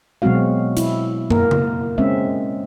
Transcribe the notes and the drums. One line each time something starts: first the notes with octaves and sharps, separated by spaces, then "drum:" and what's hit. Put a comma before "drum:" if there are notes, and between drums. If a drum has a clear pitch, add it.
B2 F#3 G#3 C4 F#4 F5
E4, drum: hi-hat
A#3 A#4, drum: tom
drum: tom C#3
G#3 C4 C#4 E5